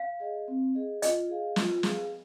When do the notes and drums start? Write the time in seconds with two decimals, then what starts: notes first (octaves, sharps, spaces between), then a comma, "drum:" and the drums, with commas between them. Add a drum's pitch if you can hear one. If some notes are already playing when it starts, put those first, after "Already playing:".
Already playing: F5
0.20 G#4 D#5
0.48 C4
0.75 G#4 D#5
1.02 F4 D#5, drum: hi-hat
1.29 G#4 F5
1.56 F4, drum: snare
1.83 G#4 F5, drum: snare